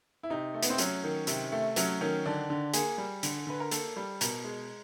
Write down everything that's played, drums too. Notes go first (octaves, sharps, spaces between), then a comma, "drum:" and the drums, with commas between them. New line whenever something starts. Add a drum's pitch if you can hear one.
E4
C3 D#4
A3
B3, drum: hi-hat
C4
F#3 C#4, drum: hi-hat
D#3
C3, drum: hi-hat
A3
F#3 C#4, drum: hi-hat
D#3 C#4
D3 D4
D3
A#3 G#4, drum: hi-hat
G3
D3, drum: hi-hat
D3 B4
A#4
A#3 A4, drum: hi-hat
G3
B2 A#4, drum: hi-hat
G#3